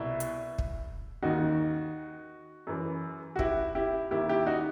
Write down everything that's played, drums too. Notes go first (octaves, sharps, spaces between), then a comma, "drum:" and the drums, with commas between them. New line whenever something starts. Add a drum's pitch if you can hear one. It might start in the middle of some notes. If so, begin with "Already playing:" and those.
Already playing: C2 B2 E4
drum: hi-hat
drum: kick
D#2 D#3 D#4 F#4
F#2 E3
F#4
E4 G4, drum: kick
E4 G4
D#2 D#3 E4 G4
E4 G4
D#4 F#4